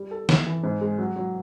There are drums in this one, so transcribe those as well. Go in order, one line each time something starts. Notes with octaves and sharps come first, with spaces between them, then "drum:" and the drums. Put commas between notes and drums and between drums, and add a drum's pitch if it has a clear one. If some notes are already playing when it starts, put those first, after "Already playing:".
Already playing: G3
A4
E3, drum: snare
E3
G#2
G#3
F#3
F#3